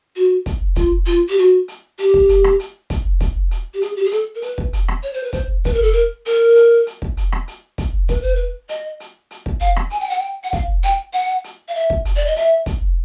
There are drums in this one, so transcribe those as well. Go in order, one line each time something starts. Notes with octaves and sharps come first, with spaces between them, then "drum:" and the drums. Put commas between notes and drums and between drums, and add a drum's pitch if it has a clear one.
F#4
drum: kick, hi-hat
F4, drum: kick, hi-hat
F4, drum: hi-hat
G4
F#4, drum: hi-hat
drum: hi-hat
G4, drum: hi-hat
drum: kick
drum: hi-hat
drum: rim click
drum: hi-hat
drum: kick, hi-hat
drum: kick, hi-hat
drum: hi-hat
G4
G#4, drum: hi-hat
G4
G#4
A4, drum: hi-hat
A#4
B4, drum: hi-hat
drum: kick
drum: hi-hat
drum: rim click
C#5
C5
B4
C5, drum: kick, hi-hat
B4, drum: kick, hi-hat
A#4
A4
A#4
A#4, drum: hi-hat
drum: hi-hat
drum: hi-hat
drum: kick
drum: hi-hat
drum: rim click
drum: hi-hat
drum: kick, hi-hat
B4, drum: kick, hi-hat
C5
B4
D#5, drum: hi-hat
drum: hi-hat
drum: hi-hat
drum: kick
F5, drum: hi-hat
drum: rim click
G#5, drum: hi-hat
G5
F#5
G5
F#5
F5, drum: kick, hi-hat
G5, drum: hi-hat
F#5
drum: hi-hat
F5
E5
drum: kick
drum: hi-hat
D5
D#5
E5, drum: hi-hat
drum: kick, hi-hat